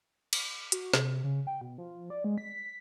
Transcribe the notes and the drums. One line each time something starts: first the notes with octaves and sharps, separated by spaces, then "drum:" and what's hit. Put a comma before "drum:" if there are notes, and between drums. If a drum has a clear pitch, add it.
drum: cymbal
F#4, drum: hi-hat
C3, drum: snare
C#3
G5
B2
F3
D5
G#3
B6